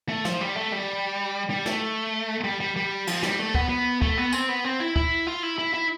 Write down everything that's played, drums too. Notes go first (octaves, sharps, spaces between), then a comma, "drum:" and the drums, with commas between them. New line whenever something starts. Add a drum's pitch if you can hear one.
A3
F3, drum: snare
G3
A3
G3
G3
A3, drum: snare
G3
G3
G3
F3, drum: cymbal
G3, drum: snare
A3
B3, drum: kick
B3
A3, drum: kick
B3
C4, drum: tambourine
B3
C4
E4
E4, drum: kick
F4
E4
E4
E4